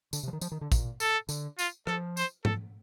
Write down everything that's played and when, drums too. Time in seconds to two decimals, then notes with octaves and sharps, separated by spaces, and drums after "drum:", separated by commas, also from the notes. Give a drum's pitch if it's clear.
0.13 D3, drum: tambourine
0.23 C3
0.28 F3
0.33 D#3
0.41 F3, drum: tambourine
0.52 D#3
0.61 D3
0.72 A#2, drum: kick, tambourine
1.00 A4, drum: tambourine
1.29 D3, drum: tambourine
1.59 F4, drum: tambourine
1.87 F3 A4, drum: rim click
2.17 C5, drum: tambourine
2.45 A4, drum: tom G#2